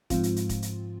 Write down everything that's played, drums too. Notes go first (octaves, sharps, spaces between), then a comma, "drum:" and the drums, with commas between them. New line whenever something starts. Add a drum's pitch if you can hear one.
G#2 F3 C4 F4, drum: kick, hi-hat
drum: hi-hat
drum: hi-hat
drum: kick, hi-hat
drum: hi-hat